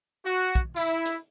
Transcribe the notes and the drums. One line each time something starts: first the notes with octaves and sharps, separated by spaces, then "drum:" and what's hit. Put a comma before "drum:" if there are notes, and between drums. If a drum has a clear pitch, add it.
F#4
drum: kick
E4, drum: tambourine
drum: hi-hat